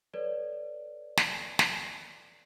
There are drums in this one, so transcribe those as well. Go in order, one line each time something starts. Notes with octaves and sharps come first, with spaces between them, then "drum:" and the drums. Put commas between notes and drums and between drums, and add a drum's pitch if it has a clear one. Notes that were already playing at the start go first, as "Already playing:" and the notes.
A4 B4 C#5 D5
drum: snare
drum: snare